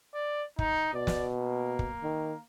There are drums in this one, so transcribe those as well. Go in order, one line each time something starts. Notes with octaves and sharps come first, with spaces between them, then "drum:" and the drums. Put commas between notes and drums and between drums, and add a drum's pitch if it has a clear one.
D5
D#4, drum: kick
B2 D5
drum: snare
A#3
drum: kick
D#3